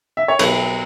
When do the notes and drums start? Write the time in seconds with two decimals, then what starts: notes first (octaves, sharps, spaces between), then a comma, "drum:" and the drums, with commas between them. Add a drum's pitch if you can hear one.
0.17 E5
0.28 C#5
0.39 B1 B3 B4, drum: cymbal